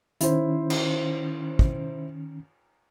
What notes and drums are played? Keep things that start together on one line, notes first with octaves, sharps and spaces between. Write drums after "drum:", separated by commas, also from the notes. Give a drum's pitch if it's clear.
D#3 C#4 E4 C5, drum: hi-hat
drum: cymbal
drum: kick